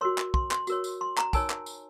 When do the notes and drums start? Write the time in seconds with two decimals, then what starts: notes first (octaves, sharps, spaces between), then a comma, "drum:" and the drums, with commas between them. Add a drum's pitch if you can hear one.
0.01 F#4 A#4 C#5 C6
0.18 drum: clap
0.34 C6, drum: kick
0.51 C6, drum: clap
0.67 F#4 A#4 C#5, drum: tambourine
0.84 drum: tambourine
1.01 C6
1.18 A#5, drum: clap
1.33 D#4 A#4 C#5 G#5, drum: kick, tambourine
1.50 drum: clap
1.66 drum: tambourine